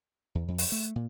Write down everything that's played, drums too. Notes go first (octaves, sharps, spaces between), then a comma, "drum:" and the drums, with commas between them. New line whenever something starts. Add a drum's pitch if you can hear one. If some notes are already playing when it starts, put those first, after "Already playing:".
E2
F2
drum: open hi-hat
A3
A#2